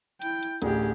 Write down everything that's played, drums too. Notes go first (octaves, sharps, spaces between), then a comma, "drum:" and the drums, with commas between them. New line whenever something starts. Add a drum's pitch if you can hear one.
E4 G5, drum: hi-hat
drum: hi-hat
A1 D2 G4 G#4, drum: hi-hat